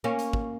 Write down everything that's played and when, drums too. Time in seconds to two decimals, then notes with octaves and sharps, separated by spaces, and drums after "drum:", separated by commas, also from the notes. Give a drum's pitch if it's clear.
0.04 A#3 C#4
0.19 drum: hi-hat
0.33 drum: kick